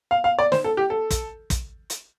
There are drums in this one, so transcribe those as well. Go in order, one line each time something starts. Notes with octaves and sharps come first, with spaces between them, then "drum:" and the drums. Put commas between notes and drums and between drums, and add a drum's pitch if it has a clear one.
F5
F5
D5
C5, drum: snare
A4
G4
A4
drum: kick, hi-hat
drum: kick, hi-hat
drum: hi-hat